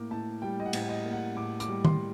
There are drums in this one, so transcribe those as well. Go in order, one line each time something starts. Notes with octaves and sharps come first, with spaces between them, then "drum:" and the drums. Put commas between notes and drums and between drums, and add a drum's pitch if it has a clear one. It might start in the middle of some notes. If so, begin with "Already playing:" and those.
Already playing: A2 A#3 D6
A2 A5
G3 G5
D#5
F#5
A2, drum: cymbal
D#5
A#3
F#5
A2 D6
D6, drum: hi-hat
G3
C6, drum: tom D#3